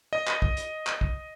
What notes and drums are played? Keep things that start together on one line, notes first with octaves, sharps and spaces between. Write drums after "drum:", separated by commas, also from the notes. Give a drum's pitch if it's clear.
D#5
drum: clap
drum: kick
drum: hi-hat
drum: clap
drum: kick